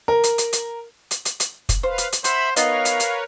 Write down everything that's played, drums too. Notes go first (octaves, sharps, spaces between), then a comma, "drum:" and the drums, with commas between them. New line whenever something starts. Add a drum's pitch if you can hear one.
A#4
drum: hi-hat
drum: hi-hat
drum: hi-hat
drum: hi-hat
drum: hi-hat
drum: hi-hat
drum: kick, hi-hat
B4 C5 F5
drum: hi-hat
drum: hi-hat
C5 E5 F#5 B5 E6, drum: hi-hat
B3 D#4 A#4 B4 C#5 D#5 F5, drum: hi-hat
drum: hi-hat
drum: hi-hat